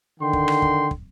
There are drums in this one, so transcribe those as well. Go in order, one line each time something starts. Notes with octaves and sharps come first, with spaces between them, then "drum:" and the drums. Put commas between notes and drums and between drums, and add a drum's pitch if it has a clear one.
D3 D#3 G5 C6
drum: kick
drum: rim click
drum: kick
drum: kick